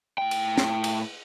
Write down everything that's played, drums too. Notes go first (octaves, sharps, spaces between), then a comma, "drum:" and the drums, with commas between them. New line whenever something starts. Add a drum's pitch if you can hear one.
A2 G5
drum: cymbal
drum: snare
drum: cymbal